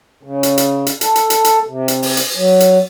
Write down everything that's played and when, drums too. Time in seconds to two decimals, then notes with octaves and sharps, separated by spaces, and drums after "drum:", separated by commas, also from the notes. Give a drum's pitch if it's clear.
0.23 C#3
0.43 drum: hi-hat
0.58 drum: hi-hat
0.87 drum: hi-hat
1.01 A4, drum: hi-hat
1.16 drum: hi-hat
1.30 drum: hi-hat
1.44 drum: hi-hat
1.67 C3
1.88 drum: hi-hat
2.02 drum: open hi-hat
2.17 drum: hi-hat
2.35 F#3
2.60 drum: hi-hat